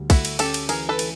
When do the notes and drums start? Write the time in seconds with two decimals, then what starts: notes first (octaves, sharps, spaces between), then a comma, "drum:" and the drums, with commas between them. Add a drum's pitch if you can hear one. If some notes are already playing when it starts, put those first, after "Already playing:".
Already playing: D2 G3
0.10 A3 E4 F#4, drum: kick, cymbal
0.25 drum: cymbal
0.39 C#4 G4 A4, drum: cymbal
0.54 drum: cymbal
0.69 E3 G#4 A#4, drum: cymbal
0.89 A4 B4
0.99 E3, drum: cymbal